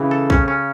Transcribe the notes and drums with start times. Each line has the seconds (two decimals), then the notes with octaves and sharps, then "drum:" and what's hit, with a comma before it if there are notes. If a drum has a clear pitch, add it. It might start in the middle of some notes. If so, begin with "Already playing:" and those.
Already playing: C#3 E3
0.11 A4
0.30 C#4, drum: kick A#1
0.48 C#4